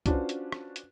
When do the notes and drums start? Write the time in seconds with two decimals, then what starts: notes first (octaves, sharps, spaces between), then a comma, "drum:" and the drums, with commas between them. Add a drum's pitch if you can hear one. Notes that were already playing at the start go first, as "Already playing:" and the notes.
0.06 C#4 D4 F4 F#4 B4 C5, drum: kick, hi-hat
0.29 drum: hi-hat
0.52 drum: rim click
0.76 drum: hi-hat